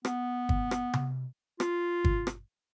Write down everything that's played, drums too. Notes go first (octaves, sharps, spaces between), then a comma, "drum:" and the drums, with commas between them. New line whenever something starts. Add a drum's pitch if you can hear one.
B3, drum: rim click
drum: kick
drum: rim click
drum: tom C3
F4, drum: rim click
drum: kick
drum: rim click